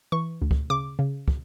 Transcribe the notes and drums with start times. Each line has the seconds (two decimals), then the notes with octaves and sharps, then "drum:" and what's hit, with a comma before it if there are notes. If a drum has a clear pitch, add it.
0.12 E3 C#6
0.42 D2
0.51 drum: kick
0.70 C#3 D6
0.99 C#3
1.28 drum: kick